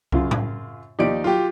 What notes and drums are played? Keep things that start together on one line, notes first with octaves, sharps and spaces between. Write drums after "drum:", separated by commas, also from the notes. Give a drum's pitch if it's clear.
F#2 C#3 F4, drum: kick C2
drum: tom A2
D#2 F3 D#4 G4 D5 D7
F#3 F4 G4